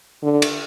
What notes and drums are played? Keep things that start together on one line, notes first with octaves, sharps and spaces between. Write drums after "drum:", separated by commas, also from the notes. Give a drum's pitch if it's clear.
D3
drum: cymbal